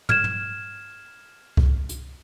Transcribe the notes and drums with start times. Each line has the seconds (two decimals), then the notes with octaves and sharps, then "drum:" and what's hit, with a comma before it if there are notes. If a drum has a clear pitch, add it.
0.09 F6 G#6 E7, drum: tom
0.24 drum: tom
1.57 drum: kick C2
1.89 drum: hi-hat